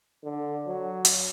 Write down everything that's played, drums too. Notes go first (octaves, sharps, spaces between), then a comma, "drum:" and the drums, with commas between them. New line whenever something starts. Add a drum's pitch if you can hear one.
D3
F#3
drum: hi-hat